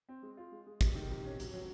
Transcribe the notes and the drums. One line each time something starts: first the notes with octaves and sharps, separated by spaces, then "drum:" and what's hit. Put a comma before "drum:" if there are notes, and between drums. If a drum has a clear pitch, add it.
C4
G#3
F4
G#3
G#3
C3, drum: kick, hi-hat
D#3
C3
C#4
F#3, drum: hi-hat
F#3